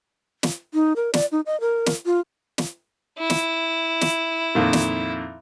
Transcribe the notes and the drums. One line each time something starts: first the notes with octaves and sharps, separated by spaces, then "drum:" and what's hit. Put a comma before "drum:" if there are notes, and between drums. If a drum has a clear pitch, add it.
drum: snare
D#4
A#4
D5, drum: snare
D#4
D#5
A#4
drum: snare
F4
drum: snare
E4
drum: snare
drum: snare
F2 A#2 D#3
drum: snare